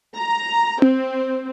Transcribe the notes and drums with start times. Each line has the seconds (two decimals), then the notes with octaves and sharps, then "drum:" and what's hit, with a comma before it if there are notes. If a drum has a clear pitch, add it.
0.17 A#5
0.82 C4, drum: tom C4